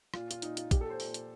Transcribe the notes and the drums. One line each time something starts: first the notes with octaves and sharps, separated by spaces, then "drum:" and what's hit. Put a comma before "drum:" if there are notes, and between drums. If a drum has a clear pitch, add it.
A#2 F4, drum: rim click
F4, drum: hi-hat
A#2 D#4, drum: hi-hat
F4, drum: hi-hat
A#2 G4, drum: kick, hi-hat
A4
C5
A#2, drum: open hi-hat
drum: hi-hat